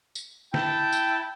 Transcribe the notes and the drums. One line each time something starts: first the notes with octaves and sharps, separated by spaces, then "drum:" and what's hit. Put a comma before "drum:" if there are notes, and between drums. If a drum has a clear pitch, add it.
drum: tambourine
E4 G5 A5, drum: snare
drum: tambourine